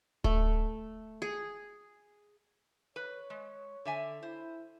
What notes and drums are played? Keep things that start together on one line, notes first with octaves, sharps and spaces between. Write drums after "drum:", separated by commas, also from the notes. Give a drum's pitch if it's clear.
A3, drum: kick D1
G#4
B4 C#5
G#3
D3 E5 G#5
E4 C5